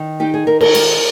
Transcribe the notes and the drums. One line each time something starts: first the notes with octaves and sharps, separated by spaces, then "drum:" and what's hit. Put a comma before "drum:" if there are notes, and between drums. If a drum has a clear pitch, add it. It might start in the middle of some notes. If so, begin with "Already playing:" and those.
Already playing: D#3
D#4 G4
G#4
D#3 A#4
A#4, drum: cymbal
G#3, drum: cymbal